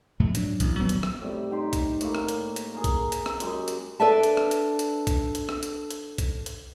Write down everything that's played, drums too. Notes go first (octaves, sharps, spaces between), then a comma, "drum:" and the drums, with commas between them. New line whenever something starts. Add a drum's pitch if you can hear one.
F2 A2 C3 A3
F#3 D4, drum: hi-hat
A1, drum: kick, hi-hat
D#1 G2 F#3 B3
drum: hi-hat
drum: rim click
A2 C3 G3
D#4 G4 G5 C6
drum: kick, hi-hat
A2 A#3, drum: hi-hat
drum: rim click
drum: hi-hat
drum: hi-hat
G#4 A#4
drum: kick, hi-hat
drum: hi-hat
drum: rim click
F#2 G#3 G4 C#6, drum: hi-hat
drum: hi-hat
D4 A4 B4 D5 E5 A5
drum: hi-hat
drum: rim click
drum: hi-hat
drum: hi-hat
drum: kick, hi-hat
drum: hi-hat
drum: rim click
drum: hi-hat
drum: hi-hat
drum: kick, hi-hat
drum: hi-hat